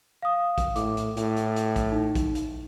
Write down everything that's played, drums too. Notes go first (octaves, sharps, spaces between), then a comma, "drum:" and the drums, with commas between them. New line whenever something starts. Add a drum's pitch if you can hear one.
F5 D#6
drum: kick A#1, hi-hat
A2 D6, drum: hi-hat
drum: hi-hat
A2, drum: hi-hat
drum: hi-hat
drum: hi-hat
drum: kick A#1, hi-hat
D#4
drum: kick A#1, hi-hat
drum: hi-hat